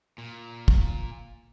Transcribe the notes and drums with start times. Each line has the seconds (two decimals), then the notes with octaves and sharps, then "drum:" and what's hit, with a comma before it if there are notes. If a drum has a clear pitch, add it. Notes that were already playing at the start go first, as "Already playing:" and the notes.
0.18 A#2
0.68 drum: kick